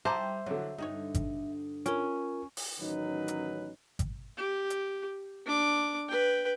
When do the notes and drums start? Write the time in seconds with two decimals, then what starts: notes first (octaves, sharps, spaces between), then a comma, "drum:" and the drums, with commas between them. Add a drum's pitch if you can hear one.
0.05 G3 D#4 E4 C5 E5 A5 A#5 D6
0.46 D3 E3 F#3
0.78 G2 D3 D#4 C#5
1.14 drum: kick G#1, hi-hat
1.86 C#4 F4 A#4, drum: hi-hat
2.57 drum: open hi-hat
2.79 A1 D#3 F#3 C#4 D#4 B4
3.28 drum: hi-hat
3.99 drum: kick G#1, hi-hat
4.37 G4
4.70 drum: hi-hat
5.46 D4 D6
6.09 B4 G5